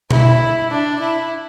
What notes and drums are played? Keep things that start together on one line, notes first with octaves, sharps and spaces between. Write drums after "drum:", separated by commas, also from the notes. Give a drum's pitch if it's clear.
E4, drum: tom B2
D4
E4